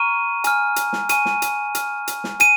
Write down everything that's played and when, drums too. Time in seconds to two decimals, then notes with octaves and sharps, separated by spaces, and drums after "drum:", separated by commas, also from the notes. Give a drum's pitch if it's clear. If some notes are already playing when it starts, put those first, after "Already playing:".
Already playing: A#5 C#6 F6 D#7
0.44 G#5 C#6 F6, drum: hi-hat
0.76 drum: hi-hat
0.93 drum: snare
1.09 G#5 C#6 F6 D#7, drum: hi-hat
1.25 drum: snare
1.42 drum: hi-hat
1.75 G#5 F6, drum: hi-hat
2.08 drum: hi-hat
2.24 drum: snare
2.40 G#5 D#7, drum: hi-hat